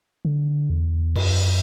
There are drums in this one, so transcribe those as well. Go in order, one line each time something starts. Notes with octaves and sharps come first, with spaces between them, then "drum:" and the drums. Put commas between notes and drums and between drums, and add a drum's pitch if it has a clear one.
D3
E2
F#2, drum: cymbal